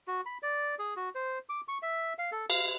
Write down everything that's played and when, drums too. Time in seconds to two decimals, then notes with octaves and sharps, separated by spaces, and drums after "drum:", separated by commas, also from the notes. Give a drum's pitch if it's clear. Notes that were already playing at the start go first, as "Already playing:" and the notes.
0.07 F#4
0.26 B5
0.43 D5
0.79 G#4
0.96 F#4
1.15 C5
1.49 D6
1.68 C#6
1.82 E5
2.19 F5
2.32 A4
2.50 F5, drum: cymbal